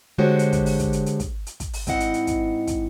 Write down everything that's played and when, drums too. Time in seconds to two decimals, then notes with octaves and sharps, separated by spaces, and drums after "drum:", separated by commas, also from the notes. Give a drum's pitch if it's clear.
0.18 D3 G#3 F#4 G4 C5 C#5
0.39 drum: hi-hat
0.52 drum: kick, hi-hat
0.66 drum: open hi-hat
0.79 drum: kick, hi-hat
0.93 drum: hi-hat
1.06 drum: hi-hat
1.20 drum: kick, hi-hat
1.47 drum: hi-hat
1.60 drum: kick, hi-hat
1.73 drum: open hi-hat
1.87 G#2 C4 E4 D#5 F#5, drum: kick, hi-hat
2.00 drum: hi-hat
2.14 drum: hi-hat
2.27 drum: kick, hi-hat
2.67 drum: kick, hi-hat